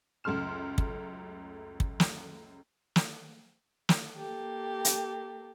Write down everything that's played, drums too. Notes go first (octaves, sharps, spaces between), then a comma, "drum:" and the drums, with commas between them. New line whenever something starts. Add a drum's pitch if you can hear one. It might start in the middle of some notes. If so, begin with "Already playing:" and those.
C#2 F#2 A3 C6 F6 E7
drum: kick
drum: kick
drum: snare
drum: snare
drum: snare
A#3 G4 A4
drum: hi-hat